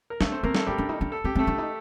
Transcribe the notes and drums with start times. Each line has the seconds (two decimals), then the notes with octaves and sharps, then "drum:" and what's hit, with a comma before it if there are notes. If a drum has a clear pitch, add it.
0.10 A#4
0.21 A3 D4 A4, drum: snare
0.32 C4 C5
0.43 A#3 C4 A#4
0.55 A3 A4, drum: snare
0.67 G3 D4 G4
0.78 D4
0.89 D#4
1.01 D4
1.12 A4
1.24 C4 G4
1.35 C4
1.39 A3 A4
1.47 D4
1.58 D#4